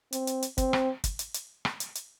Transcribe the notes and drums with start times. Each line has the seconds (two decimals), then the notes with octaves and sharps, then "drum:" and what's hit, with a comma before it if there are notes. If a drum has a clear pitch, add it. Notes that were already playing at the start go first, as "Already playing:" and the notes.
0.13 C4, drum: hi-hat
0.27 drum: hi-hat
0.42 drum: hi-hat
0.58 C4, drum: kick, hi-hat
0.73 drum: rim click
1.04 drum: kick, hi-hat
1.19 drum: hi-hat
1.34 drum: hi-hat
1.65 drum: rim click
1.80 drum: hi-hat
1.95 drum: hi-hat